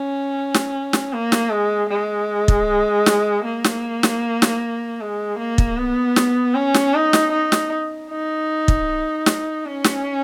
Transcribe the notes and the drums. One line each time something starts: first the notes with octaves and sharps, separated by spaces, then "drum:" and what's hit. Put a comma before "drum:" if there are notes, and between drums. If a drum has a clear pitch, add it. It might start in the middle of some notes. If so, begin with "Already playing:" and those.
Already playing: C#4
drum: snare
drum: snare
A#3
drum: snare
G#3
G#3
drum: kick
drum: snare
A#3
drum: snare
drum: snare
drum: snare
G#3
A#3
drum: kick
B3
drum: snare
C#4
drum: snare
D#4
drum: snare
D#4
drum: snare
D#4
drum: kick
drum: snare
C#4
drum: snare